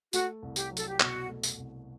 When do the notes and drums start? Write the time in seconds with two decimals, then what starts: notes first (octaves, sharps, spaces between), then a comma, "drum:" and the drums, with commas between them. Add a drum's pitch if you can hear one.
0.13 A3 F#4, drum: tambourine
0.43 C2
0.56 G4, drum: tambourine
0.71 F#3
0.77 A4, drum: tambourine
0.88 G4
1.00 B2 F#4, drum: clap
1.29 A3
1.43 drum: tambourine
1.58 C2